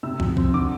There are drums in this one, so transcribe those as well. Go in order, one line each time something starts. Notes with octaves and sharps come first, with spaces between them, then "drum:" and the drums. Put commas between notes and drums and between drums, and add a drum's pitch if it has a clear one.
C3 E6
F2, drum: kick
C4, drum: kick
D3 D6